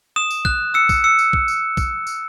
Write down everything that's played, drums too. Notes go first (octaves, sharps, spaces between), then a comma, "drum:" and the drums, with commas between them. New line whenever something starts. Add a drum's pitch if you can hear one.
D#6 E7
drum: tambourine
F#6, drum: kick
E6 C#7
drum: kick, tambourine
E6 C#7
drum: tambourine
drum: kick
drum: tambourine
drum: kick, tambourine
drum: tambourine